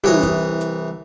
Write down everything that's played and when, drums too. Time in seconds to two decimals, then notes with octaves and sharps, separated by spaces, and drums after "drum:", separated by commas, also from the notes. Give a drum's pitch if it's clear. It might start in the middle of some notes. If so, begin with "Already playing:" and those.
0.04 C2 E3 C#5 D#5, drum: tom
0.23 drum: kick, hi-hat
0.61 drum: hi-hat